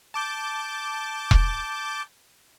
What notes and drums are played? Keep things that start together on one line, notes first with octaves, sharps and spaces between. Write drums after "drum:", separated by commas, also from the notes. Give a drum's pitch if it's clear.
A5 D6 G6
drum: kick E1